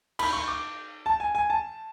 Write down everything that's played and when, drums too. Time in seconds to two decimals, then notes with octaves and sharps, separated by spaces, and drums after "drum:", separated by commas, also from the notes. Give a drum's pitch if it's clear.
0.19 B5, drum: cymbal
0.33 C#6
0.48 D6
1.06 A5
1.20 G#5
1.35 G#5
1.50 A5